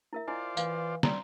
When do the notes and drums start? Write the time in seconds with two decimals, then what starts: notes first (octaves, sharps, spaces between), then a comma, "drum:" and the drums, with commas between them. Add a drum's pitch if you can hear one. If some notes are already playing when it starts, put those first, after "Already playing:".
0.13 E4 A#4 E5
0.28 E4 F4 C5 D5 D#5 G#5
0.57 E3 F5, drum: tambourine
1.03 G3 C4 A#5, drum: snare